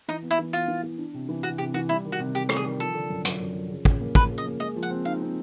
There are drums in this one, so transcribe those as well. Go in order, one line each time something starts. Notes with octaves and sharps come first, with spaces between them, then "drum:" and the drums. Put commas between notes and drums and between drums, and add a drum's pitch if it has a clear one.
E3 D#4
B3
E4
E3
B3 F4
E3
E3
D4
C3
E3
C3 F#4
C3 G4
E3 F#4
G3 E4
D#3
F#4
C3
C3 G4
G3, drum: rim click
G#4
D#3
F3 A4
D3
F#2
F#2, drum: hi-hat
F#2
F3
C#3
C#3, drum: kick
A#3
F3 B4, drum: kick
C#3
D#5
A#3
G#3 D#5
F3
F#5
C4
D#4 F5
C4